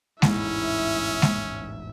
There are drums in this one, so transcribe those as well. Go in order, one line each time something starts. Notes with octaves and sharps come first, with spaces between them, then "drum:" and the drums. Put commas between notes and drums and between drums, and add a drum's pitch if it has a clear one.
E1 A1 G#2 C#4 E4 E5, drum: snare G#3
drum: snare G#3